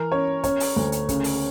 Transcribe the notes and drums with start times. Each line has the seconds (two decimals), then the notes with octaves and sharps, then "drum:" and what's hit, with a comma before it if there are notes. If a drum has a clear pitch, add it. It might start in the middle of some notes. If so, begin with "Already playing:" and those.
Already playing: E3 A#4
0.12 C#4 C#5
0.44 C#4 C#5, drum: kick, hi-hat
0.60 drum: open hi-hat
0.76 D2
0.92 drum: hi-hat
1.09 C#3, drum: kick, hi-hat
1.24 drum: open hi-hat